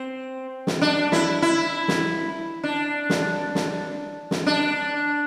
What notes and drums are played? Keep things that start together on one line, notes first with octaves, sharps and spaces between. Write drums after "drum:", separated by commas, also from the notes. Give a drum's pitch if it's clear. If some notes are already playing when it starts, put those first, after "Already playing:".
Already playing: C4
drum: snare
D4
E4, drum: snare
E4
drum: snare
D4
drum: snare
drum: snare
drum: snare
D4